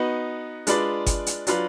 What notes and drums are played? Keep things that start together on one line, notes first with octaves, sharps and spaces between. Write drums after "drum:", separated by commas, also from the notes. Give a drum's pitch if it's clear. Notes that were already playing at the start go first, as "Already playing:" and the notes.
Already playing: B3 D#4 F#4 B4
G#3 D4 F4 B4 D5, drum: hi-hat
drum: kick G1, hi-hat
drum: hi-hat
F#3 D4 F4 B4, drum: hi-hat